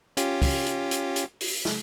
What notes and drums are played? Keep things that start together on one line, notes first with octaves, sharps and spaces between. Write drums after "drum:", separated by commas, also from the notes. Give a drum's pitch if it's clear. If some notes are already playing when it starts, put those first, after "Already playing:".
C#4 F4 G4, drum: hi-hat
drum: kick, open hi-hat
drum: hi-hat
drum: hi-hat
drum: hi-hat
drum: open hi-hat
drum: snare